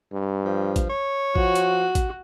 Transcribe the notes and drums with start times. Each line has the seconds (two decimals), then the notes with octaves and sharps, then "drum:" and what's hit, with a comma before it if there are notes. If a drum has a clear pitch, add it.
0.12 G2
0.45 F3
0.76 drum: kick A1, hi-hat
0.90 C#5
1.36 F3 F#4, drum: kick A1
1.55 drum: hi-hat
1.95 drum: kick A1, hi-hat